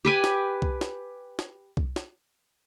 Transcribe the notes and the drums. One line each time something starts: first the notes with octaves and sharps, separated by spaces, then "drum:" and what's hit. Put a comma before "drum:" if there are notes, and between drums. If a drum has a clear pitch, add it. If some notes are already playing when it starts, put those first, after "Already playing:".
G4 B4 G#5
drum: snare
drum: kick C2
drum: snare
drum: snare
drum: kick C2
drum: snare